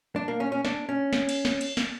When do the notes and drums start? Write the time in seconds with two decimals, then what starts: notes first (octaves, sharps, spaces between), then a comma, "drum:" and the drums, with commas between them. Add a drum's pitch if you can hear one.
0.16 D4
0.28 A#3
0.40 C#4
0.52 C#4
0.65 D4, drum: snare
0.89 C#4
1.13 drum: snare
1.29 drum: cymbal
1.45 drum: snare
1.61 drum: cymbal
1.77 drum: snare